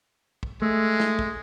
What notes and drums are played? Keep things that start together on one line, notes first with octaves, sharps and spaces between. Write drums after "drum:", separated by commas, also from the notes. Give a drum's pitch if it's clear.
drum: kick
G#3 A3
drum: snare
drum: kick